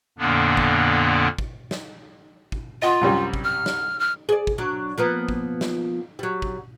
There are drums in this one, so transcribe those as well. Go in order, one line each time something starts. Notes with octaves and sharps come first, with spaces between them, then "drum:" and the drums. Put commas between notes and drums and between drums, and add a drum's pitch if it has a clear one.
F2 A#2 D3 A#3 B3 D4
drum: kick
drum: kick
drum: snare
drum: kick
F4 D#5 F#5
C2 F#2 G3
drum: kick
F6
drum: snare
F6
G#4 D5
drum: kick
F#3 D4
F3 A#3 B3
drum: kick
drum: snare
F#3 G3
drum: kick